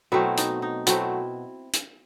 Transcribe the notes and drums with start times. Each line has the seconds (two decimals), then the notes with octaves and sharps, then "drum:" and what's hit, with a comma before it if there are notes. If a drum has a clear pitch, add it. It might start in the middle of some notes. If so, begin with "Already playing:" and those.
0.12 B2 F#3 A3 C4 E4
0.37 D#4, drum: hi-hat
0.62 D#4
0.86 B2 F#3 A3 C4 E4, drum: hi-hat
1.73 drum: hi-hat